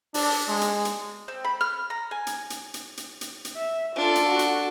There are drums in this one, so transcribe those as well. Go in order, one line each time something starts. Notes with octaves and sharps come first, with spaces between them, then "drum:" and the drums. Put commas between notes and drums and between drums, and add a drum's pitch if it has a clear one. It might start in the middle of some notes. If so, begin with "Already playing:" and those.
D4, drum: open hi-hat
G#3
drum: hi-hat
drum: hi-hat
C4
B5
F6
A#5
G#5
drum: hi-hat
drum: hi-hat
drum: hi-hat
drum: hi-hat
drum: hi-hat
drum: hi-hat
E5
D4 F4 A4
drum: hi-hat
F#4
drum: hi-hat